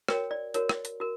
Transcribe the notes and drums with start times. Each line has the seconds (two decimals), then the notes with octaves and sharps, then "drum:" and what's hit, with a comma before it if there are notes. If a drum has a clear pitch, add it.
0.09 F#4 A#4 C#5 G5, drum: rim click
0.31 D5
0.54 F#4 A#4 C#5, drum: hi-hat
0.69 drum: rim click
0.85 drum: hi-hat
1.00 F#4 A#4